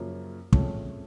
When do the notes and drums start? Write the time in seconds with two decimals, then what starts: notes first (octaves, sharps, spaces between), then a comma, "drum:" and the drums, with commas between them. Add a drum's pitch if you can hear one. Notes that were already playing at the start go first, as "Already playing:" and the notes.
Already playing: F#2 C#3 F3 A#3 C#4
0.53 F2 C#3 A3 C#4, drum: kick